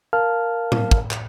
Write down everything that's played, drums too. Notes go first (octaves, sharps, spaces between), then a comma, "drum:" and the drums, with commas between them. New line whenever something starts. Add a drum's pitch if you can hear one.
A#4 F5 A5 F6
drum: tom A2
drum: kick
drum: clap